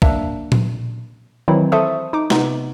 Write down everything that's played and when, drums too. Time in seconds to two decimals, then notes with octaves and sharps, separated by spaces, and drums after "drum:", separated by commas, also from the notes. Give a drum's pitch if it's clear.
0.02 A#3 D4 E5, drum: kick B1
0.52 drum: tom A#2
1.48 D#3 E3 F#3 C4 D#4 E4
1.72 A4 C5 E5 A5 C#6 D#6
2.13 D#4 D6
2.30 C3 B3 D#4, drum: snare